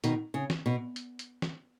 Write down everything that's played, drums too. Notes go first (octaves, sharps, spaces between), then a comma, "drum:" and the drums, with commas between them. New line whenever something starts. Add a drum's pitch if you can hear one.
B2 D#3, drum: hi-hat
C#3
drum: snare
B2
drum: hi-hat
drum: hi-hat
drum: snare